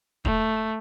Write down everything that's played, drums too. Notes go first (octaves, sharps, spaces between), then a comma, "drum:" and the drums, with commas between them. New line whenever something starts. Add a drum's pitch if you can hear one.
A3, drum: kick